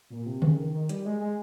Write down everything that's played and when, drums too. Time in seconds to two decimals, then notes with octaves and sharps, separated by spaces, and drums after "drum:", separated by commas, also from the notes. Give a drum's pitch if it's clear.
0.10 A#2
0.26 C3
0.42 C#3, drum: tom D3
0.57 D#3
0.73 D#3
0.89 G3, drum: hi-hat
1.05 G#3
1.20 G#3